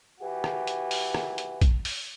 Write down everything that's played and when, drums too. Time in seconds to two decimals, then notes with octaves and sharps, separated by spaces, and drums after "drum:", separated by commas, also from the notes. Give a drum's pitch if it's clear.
0.20 E3 F#4 G4
0.44 drum: rim click
0.67 drum: hi-hat
0.91 drum: open hi-hat
1.14 drum: rim click
1.38 drum: hi-hat
1.61 drum: kick A#1, hi-hat
1.85 drum: open hi-hat